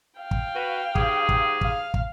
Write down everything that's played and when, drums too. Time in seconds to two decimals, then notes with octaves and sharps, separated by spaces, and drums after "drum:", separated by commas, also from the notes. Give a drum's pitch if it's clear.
0.21 F5 G5
0.31 drum: kick
0.55 F#4 B4
0.95 G#2 G4 G#4, drum: kick
1.29 drum: kick
1.61 F5, drum: kick
1.94 drum: kick